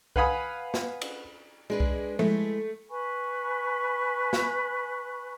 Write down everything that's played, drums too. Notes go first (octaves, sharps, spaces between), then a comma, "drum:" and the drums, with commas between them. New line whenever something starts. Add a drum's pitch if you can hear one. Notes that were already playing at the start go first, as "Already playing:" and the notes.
B4 F5 F#5 G#5 B5 D#6, drum: kick C2
drum: snare
drum: cymbal
G#3 D4 G#4 B4
drum: kick C2
G#3 A3 E4, drum: tom F3
B4 G#5 B5 C#6
drum: snare